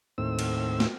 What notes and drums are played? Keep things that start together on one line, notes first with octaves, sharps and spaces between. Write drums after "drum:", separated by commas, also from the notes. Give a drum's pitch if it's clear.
D#2 A2 C4 E6
drum: cymbal
drum: snare